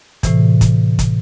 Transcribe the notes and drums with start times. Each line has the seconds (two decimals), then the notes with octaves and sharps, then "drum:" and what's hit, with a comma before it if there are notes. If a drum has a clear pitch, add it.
0.23 A2 C3 E3, drum: kick, hi-hat
0.61 drum: kick, hi-hat
0.99 drum: kick, hi-hat